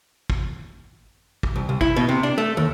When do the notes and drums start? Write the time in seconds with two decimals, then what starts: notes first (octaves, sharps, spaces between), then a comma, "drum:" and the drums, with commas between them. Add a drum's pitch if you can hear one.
0.30 drum: kick
1.43 drum: kick
1.56 C2
1.69 C2
1.81 E4, drum: kick
1.96 B2
2.09 C3
2.23 D4
2.38 A3
2.57 D#2